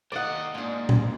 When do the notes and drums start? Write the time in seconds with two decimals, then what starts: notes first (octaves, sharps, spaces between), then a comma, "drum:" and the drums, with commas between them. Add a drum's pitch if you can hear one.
0.12 D#2 D5 D#5 F#5
0.54 G#2 A#3 D4 F4
0.89 drum: tom